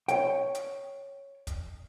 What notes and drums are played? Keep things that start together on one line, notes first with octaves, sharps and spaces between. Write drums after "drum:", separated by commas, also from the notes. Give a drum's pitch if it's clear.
C#5 G5, drum: hi-hat
drum: hi-hat
drum: kick, hi-hat